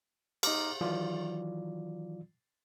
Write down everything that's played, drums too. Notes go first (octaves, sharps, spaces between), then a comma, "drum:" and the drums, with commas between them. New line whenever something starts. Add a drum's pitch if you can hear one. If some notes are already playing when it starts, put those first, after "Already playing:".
D#4 A#5 D6 F6, drum: cymbal
D#3 E3 F#3 F4 D5